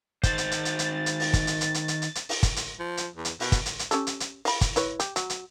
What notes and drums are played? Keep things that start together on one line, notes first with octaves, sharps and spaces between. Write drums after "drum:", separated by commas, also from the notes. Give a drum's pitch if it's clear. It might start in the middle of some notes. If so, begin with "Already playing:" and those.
D#3 C5 A6, drum: kick, hi-hat
drum: hi-hat
drum: hi-hat
drum: hi-hat
drum: hi-hat
drum: hi-hat
drum: open hi-hat
drum: kick, hi-hat
drum: hi-hat
drum: hi-hat
drum: hi-hat
drum: hi-hat
drum: hi-hat
drum: hi-hat
drum: open hi-hat
drum: kick, hi-hat
drum: hi-hat
F3
drum: hi-hat
E2
drum: hi-hat
B2, drum: open hi-hat
drum: kick, hi-hat
drum: hi-hat
drum: hi-hat
C#4 G4 A4, drum: hi-hat
drum: hi-hat
drum: hi-hat
F5 B5, drum: open hi-hat
drum: kick, hi-hat
E4 B4 C#5, drum: hi-hat
G4, drum: hi-hat
F#3, drum: hi-hat
drum: hi-hat